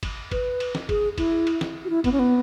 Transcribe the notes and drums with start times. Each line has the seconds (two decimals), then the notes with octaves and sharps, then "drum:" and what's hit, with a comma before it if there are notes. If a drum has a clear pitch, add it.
0.03 drum: kick, cymbal
0.31 B4, drum: kick, cymbal
0.60 drum: cymbal
0.75 drum: snare
0.89 G#4, drum: kick, cymbal
1.18 E4, drum: kick, cymbal
1.47 drum: cymbal
1.61 drum: snare
1.85 F#4
1.90 E4
2.04 B3, drum: kick, cymbal
2.12 C#4
2.19 B3